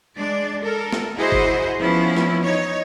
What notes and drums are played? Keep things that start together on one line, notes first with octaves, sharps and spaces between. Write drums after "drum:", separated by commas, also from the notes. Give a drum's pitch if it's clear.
G#3 D4 D5
A4 A#4
drum: snare
E4 F#4 G#4 C5 D#5 E5
drum: kick
F3 B3 C#4 E4
drum: snare
D#4 C#5